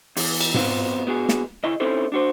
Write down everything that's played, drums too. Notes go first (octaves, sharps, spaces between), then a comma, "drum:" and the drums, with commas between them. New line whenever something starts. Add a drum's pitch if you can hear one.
E2, drum: open hi-hat
drum: cymbal
F#3 B3 C4 F4, drum: tom G#2
B3 F#4 G#4
drum: snare
C#3 E4 D#5
C4 C#4 D#4 E4 A4 C5
D4 F#4 C5